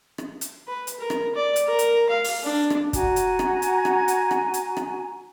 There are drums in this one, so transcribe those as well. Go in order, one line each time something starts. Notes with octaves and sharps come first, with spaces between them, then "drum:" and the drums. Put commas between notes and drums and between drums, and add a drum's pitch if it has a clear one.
drum: rim click
drum: hi-hat
B4
drum: hi-hat
A#4
drum: rim click
D5
drum: hi-hat
A#4
drum: hi-hat
F5
drum: open hi-hat
D4
drum: rim click
F#4 G#5 A#5, drum: kick, hi-hat
drum: hi-hat
drum: rim click
drum: hi-hat
drum: rim click
drum: hi-hat
drum: rim click
drum: hi-hat
drum: rim click